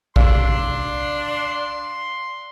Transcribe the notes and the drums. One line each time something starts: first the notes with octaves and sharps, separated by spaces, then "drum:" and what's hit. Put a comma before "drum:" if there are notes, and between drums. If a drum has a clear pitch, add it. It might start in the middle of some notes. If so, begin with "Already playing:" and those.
D4 D5 F5 C6 E6, drum: kick A#1